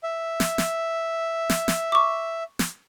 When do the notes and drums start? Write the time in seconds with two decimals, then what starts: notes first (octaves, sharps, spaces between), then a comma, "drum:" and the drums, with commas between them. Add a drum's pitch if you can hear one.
0.03 E5
0.40 drum: snare
0.58 drum: snare
1.50 drum: snare
1.68 drum: snare
1.92 C#6 D6
2.59 drum: snare